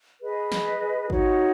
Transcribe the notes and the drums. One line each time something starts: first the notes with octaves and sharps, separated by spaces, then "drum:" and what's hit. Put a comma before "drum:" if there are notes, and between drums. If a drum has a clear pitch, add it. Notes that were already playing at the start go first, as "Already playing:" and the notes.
G#4 B4 D#5
drum: snare
D#4 F#4 C#5, drum: kick G#1